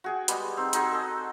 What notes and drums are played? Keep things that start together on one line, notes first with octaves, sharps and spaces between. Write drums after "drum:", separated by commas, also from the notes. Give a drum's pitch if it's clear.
F#4 G#4 G5
G3 G#3 B3 D#5, drum: hi-hat
C4 D#4
C4 D#4 F#4 G#4, drum: hi-hat
A4 D#5